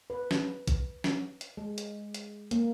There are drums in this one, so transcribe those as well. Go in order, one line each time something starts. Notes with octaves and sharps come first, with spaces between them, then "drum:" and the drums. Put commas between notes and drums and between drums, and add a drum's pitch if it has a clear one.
B4
drum: snare
drum: kick, hi-hat
drum: snare
drum: hi-hat
G#3
drum: hi-hat
drum: hi-hat
A#3, drum: hi-hat